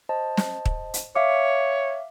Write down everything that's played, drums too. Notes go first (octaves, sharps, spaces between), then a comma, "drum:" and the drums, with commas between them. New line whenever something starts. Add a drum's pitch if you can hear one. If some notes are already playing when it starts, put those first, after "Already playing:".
C5 D#5 A5
drum: snare
drum: kick
drum: hi-hat
C#5 E5 F5 D6